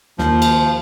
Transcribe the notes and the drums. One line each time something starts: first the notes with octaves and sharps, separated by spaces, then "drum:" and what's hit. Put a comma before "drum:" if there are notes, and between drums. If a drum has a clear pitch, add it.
D#2 F3 A#3, drum: snare
drum: cymbal